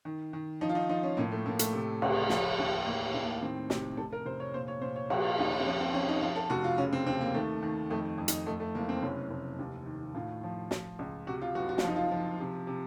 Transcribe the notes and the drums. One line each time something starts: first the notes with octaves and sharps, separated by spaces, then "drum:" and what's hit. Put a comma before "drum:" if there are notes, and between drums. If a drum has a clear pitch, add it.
D#3
D#3
F3 D#4
F4
D#4
F3 D#4
C#4
A2 A#3
A3
A2 A#3
A3, drum: hi-hat
C3
C#2, drum: cymbal
F3, drum: snare
D#2
A1 A#3
A2
A#3
D#3 C4
C3, drum: snare
F1 A4
A#4
F1 C5
C#5
A#2 C5
C#5
A#2 C5
C#5
F3 F#4, drum: cymbal
F4
D#2 D#4
D#4
C4
F3 C#4
C4
F3 C#4
D#4
F3 F4
A4
F1 F#4
F4
C#3 C#4
C4
D#2 C4
A#3
D#3 A3
D#3
F2 A3
F2
D#4, drum: hi-hat
F2 A3
A3
F#1 A#3
C4
F1 C#4
F1
D#2
D#3
A2 F4
F3
F3, drum: snare
C#2
C3 F#4
F4
F#1 F#4
F#4
F4, drum: snare
F3 D#4
F4
F3
C3
C3